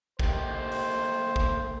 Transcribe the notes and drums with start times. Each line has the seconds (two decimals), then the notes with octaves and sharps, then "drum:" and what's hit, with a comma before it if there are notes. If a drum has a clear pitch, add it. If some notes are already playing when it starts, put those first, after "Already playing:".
0.20 A3 A#3 G4 C5, drum: kick
0.72 drum: open hi-hat
1.36 drum: kick